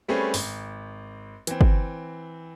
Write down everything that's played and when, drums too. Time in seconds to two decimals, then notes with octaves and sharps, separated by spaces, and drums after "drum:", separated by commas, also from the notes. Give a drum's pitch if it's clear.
0.08 G3 A3 C4 C#4 G#4 B4
0.34 G#1, drum: open hi-hat
1.47 E3 C4, drum: hi-hat
1.61 drum: kick